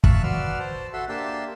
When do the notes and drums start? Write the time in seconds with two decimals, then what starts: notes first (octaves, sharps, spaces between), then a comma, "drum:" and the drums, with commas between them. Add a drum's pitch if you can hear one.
0.04 E5 F5 A5 C#6 F#6, drum: kick
0.23 F#4 B4 D5 C6 E6 F6
0.59 C5 A5
0.93 F#4 A4 E5 C6
1.09 A#3 D4 G4 E5 A5 C6